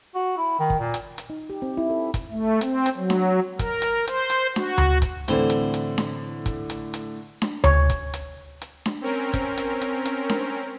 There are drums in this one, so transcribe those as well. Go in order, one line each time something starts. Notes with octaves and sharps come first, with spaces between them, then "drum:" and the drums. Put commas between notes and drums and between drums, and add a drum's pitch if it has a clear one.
F#4
E4
D#3
drum: kick
A#2
drum: hi-hat
drum: hi-hat
D#4
G4
C4
E4
A4
drum: kick, hi-hat
A3
C4, drum: hi-hat
drum: hi-hat
F#3
drum: snare D4
A#4, drum: kick, hi-hat
drum: hi-hat
C5, drum: hi-hat
drum: hi-hat
F#4, drum: snare D4
drum: tom D2
drum: kick, hi-hat
A2 D3 E3 C4, drum: hi-hat
drum: hi-hat
drum: hi-hat
drum: snare D4
drum: kick, hi-hat
drum: hi-hat
drum: hi-hat
drum: snare D4
C#5, drum: tom D2
drum: kick, hi-hat
drum: hi-hat
drum: hi-hat
drum: snare D4
C4 C#4 A#4
drum: kick, hi-hat
drum: hi-hat
drum: hi-hat
drum: hi-hat
drum: snare D4